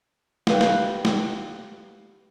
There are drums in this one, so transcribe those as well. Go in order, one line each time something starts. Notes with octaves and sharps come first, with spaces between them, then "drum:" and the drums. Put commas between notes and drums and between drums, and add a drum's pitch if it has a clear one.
G4 B4 F5, drum: snare
drum: snare
drum: snare